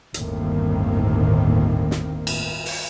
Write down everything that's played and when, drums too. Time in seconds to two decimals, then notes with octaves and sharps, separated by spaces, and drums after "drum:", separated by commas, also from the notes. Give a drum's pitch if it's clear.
0.14 G1 D#2 A2 D#3 A#3 C4, drum: hi-hat
1.91 drum: snare
2.27 drum: cymbal
2.66 drum: open hi-hat